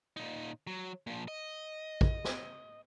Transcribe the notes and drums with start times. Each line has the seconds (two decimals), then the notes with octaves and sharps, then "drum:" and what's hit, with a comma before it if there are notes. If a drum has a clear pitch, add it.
0.17 A#2 D#4
0.67 F#3
1.07 A#2 F3
1.28 D#5
2.01 drum: kick
2.24 drum: snare